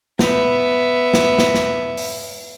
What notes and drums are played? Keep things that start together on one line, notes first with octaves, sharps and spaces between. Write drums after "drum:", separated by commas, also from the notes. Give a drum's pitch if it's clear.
B3 E5, drum: snare
drum: snare
drum: snare
drum: snare
drum: open hi-hat